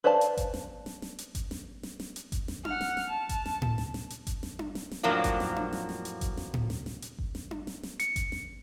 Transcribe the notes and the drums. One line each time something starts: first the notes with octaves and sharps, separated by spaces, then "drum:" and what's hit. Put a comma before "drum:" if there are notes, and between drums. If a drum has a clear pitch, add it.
B4 C5 D5 F5 A5
drum: hi-hat
drum: kick G1, hi-hat
drum: snare
drum: snare
drum: snare
drum: hi-hat
drum: kick G1, hi-hat
drum: snare
drum: snare
drum: snare
drum: hi-hat
drum: kick G1, hi-hat
drum: snare
F#5 F6, drum: tom D4
drum: snare
drum: snare
A5
drum: kick G1, hi-hat
drum: snare
drum: tom A2
drum: snare
drum: snare
drum: hi-hat
drum: kick G1, hi-hat
drum: snare
drum: tom D4
drum: snare
drum: snare
F2 A2 F3 F#3 A#3 D4
drum: kick G1, hi-hat
drum: snare
drum: tom D4
drum: snare
drum: snare
drum: hi-hat
drum: kick G1, hi-hat
drum: snare
drum: tom A2
drum: snare
drum: snare
drum: hi-hat
drum: kick G1
drum: snare
drum: tom D4
drum: snare
drum: snare
C#7, drum: hi-hat
drum: kick G1, hi-hat
drum: snare